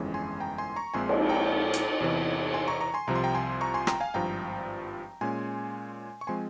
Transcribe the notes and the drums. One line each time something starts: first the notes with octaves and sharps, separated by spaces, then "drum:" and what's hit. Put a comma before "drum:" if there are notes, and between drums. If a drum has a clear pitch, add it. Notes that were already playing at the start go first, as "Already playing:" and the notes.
Already playing: G1 F2 E3 G#3 C#4
G#5 C6
G5 A#5
G#5 C6
A#5 C#6
A#1 A#2 G#3 C4 G#5 C6
drum: cymbal
G5 A#5
drum: hi-hat
E2 C3 E3
G#5 C6
A#5 C#6
A#5 C#6
G#5 C6
C2 C3 F3 A#5
C6
G5 A#5
G#5 C6
A#5 C#6
G#5 C6
G5 A#5, drum: rim click
F5 G#5
G#1 G2 F3 G5 A#5
A#2 G#3 C#4 G#5 C6
C#6
F3 G#3 C4 G#5 C6